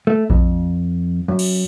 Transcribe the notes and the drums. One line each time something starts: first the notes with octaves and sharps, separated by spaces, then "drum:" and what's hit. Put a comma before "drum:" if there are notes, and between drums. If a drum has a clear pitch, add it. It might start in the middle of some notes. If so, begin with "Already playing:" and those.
A3
F2, drum: kick A#1
F#2
drum: cymbal